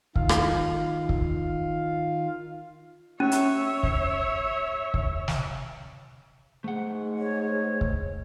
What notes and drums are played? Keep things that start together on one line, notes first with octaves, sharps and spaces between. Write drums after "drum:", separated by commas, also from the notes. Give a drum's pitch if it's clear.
D#3 F4 F5, drum: kick
drum: rim click
drum: kick
C#4 C#5 E5
drum: hi-hat
drum: kick
drum: kick
drum: snare
G#2 A3 F#5
C#5
drum: kick